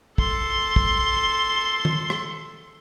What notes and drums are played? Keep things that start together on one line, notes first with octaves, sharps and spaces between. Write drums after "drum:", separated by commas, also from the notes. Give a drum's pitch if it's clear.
A4 C6, drum: kick
drum: kick
drum: tom
drum: rim click